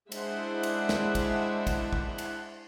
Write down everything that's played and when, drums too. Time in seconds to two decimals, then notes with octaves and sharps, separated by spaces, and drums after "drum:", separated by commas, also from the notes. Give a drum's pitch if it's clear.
0.12 G#3 D4 E4 C5 E5 F#5, drum: cymbal
0.63 drum: cymbal
0.89 drum: snare
1.15 drum: kick, cymbal
1.67 drum: kick, cymbal
1.92 drum: kick
2.18 drum: cymbal